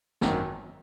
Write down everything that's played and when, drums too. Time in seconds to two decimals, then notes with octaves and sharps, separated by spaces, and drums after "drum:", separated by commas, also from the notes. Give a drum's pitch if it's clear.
0.21 G#1 F#2 D#3, drum: snare